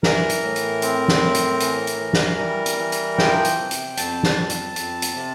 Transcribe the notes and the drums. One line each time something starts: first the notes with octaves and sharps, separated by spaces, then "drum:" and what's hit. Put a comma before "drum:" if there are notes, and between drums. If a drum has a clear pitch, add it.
E3 A#4, drum: snare
drum: hi-hat
A2
drum: hi-hat
C4, drum: hi-hat
drum: snare
A2
drum: hi-hat
E3, drum: hi-hat
drum: hi-hat
E3
drum: snare
G3
drum: hi-hat
E3
drum: hi-hat
F3 G5, drum: snare
drum: hi-hat
C3
drum: hi-hat
F2 A5, drum: hi-hat
drum: snare
F2
drum: hi-hat
F2, drum: hi-hat
drum: hi-hat
C3